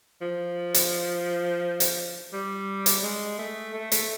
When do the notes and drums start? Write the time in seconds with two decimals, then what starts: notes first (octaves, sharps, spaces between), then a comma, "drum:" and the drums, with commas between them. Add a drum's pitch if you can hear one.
0.22 F3
0.74 drum: hi-hat
1.80 drum: hi-hat
2.33 G3
2.86 drum: hi-hat
3.03 G#3
3.39 A3
3.74 A3
3.92 A3, drum: hi-hat